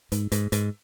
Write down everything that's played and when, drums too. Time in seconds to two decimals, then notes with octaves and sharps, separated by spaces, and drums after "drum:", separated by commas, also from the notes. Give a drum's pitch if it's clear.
0.12 G#2, drum: hi-hat
0.32 G#2, drum: hi-hat
0.52 G#2, drum: hi-hat